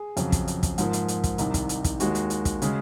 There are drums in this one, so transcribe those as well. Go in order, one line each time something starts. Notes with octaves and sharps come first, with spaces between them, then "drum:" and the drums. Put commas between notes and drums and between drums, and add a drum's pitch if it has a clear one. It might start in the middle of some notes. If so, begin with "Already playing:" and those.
Already playing: G#4
F2 C#3 F#3, drum: hi-hat
drum: kick, hi-hat
drum: hi-hat
drum: kick, hi-hat
G#2 F3 A#3, drum: hi-hat
drum: hi-hat
drum: hi-hat
drum: kick, hi-hat
C2 C3 D#3, drum: hi-hat
drum: kick, hi-hat
drum: hi-hat
drum: kick, hi-hat
D#2 D#3 G#3 F#4, drum: hi-hat
drum: hi-hat
drum: hi-hat
drum: kick, hi-hat
C#3 G#3, drum: hi-hat